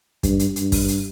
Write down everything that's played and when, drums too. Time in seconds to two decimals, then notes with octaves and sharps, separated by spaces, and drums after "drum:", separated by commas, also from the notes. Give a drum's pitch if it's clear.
0.23 G2, drum: kick, hi-hat
0.39 drum: hi-hat
0.56 G2, drum: hi-hat
0.72 drum: kick, open hi-hat
0.88 drum: hi-hat